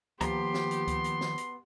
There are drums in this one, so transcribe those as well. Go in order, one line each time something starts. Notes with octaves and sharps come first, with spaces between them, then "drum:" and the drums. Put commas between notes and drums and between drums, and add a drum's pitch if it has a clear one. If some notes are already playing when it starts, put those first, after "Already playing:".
D#2 F3 B3 G4 A#5 C6, drum: kick C#2, hi-hat
drum: snare
drum: hi-hat
drum: kick C#2, hi-hat
drum: hi-hat
drum: snare
drum: hi-hat